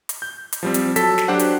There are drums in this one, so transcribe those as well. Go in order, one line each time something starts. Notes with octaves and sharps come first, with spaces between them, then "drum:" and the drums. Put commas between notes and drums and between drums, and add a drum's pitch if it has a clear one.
drum: hi-hat
G6
drum: hi-hat
F3 G3 C4
drum: hi-hat
F#3 A4 A5 B6, drum: hi-hat
drum: snare
F#3 D4 G4 C5 F#5
drum: hi-hat